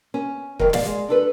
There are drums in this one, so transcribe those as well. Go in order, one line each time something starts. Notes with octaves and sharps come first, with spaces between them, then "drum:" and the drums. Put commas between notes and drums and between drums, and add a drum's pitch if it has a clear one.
C#4
F2 D#3 A#4, drum: kick
G#2 D5 F5, drum: snare
G#3
D4 A4 B4